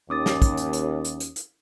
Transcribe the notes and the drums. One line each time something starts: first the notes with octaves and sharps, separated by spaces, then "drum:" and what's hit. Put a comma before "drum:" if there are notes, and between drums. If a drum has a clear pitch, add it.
D#2 C#4 D6 D#6 A6
drum: snare
drum: kick, hi-hat
drum: hi-hat
drum: hi-hat
drum: hi-hat
drum: hi-hat
drum: hi-hat